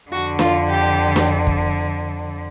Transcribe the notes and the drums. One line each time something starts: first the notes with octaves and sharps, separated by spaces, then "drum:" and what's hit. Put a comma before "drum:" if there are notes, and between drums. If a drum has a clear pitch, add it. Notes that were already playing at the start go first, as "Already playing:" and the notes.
F2 D3 F#4
F4, drum: snare
G4
drum: snare
drum: kick